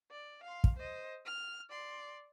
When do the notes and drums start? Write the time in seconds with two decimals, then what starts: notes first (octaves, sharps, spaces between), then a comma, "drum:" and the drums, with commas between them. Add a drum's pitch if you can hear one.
0.11 D5
0.44 F5 C6
0.64 drum: kick
0.77 C5 D#5
1.25 F6
1.70 D5 C6